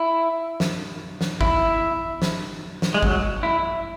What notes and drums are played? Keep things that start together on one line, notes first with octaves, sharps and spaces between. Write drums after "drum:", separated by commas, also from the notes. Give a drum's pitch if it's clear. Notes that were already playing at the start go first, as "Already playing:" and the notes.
Already playing: E4
drum: snare
drum: snare
E4, drum: kick G1
drum: snare
drum: snare
G#3
F#3, drum: kick G1
E4